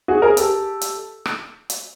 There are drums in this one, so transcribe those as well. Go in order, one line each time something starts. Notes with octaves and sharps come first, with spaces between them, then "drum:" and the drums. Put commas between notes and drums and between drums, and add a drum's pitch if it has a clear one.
F#4 G#4
G#4 A#4
G4 A4, drum: hi-hat
drum: hi-hat
drum: rim click
drum: hi-hat